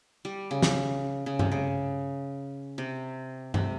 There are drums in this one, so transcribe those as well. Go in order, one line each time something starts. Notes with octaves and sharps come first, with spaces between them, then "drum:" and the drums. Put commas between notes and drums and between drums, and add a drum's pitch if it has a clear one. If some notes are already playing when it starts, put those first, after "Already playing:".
G3
C#3
drum: snare
C#3
C3, drum: tom G2
C#3
C3
C3, drum: tom G2